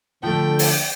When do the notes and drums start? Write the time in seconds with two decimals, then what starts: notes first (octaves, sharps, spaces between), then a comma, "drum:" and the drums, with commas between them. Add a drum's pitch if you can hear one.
0.23 D3 F3 A3 G5
0.59 drum: open hi-hat